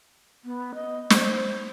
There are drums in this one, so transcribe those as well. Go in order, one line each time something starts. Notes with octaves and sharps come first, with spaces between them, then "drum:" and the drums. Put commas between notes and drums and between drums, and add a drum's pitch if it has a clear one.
B3
D#5
C5, drum: snare